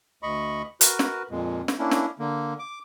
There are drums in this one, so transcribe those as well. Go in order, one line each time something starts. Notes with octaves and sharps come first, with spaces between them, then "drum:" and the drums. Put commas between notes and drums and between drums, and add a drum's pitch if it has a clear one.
D2 D#5 B5 C#6
F#4 A#4 B4, drum: hi-hat
drum: snare
F2 A#2 G#3
drum: snare
A#3 C#4 D4 E4
drum: snare
D3 A#3
D6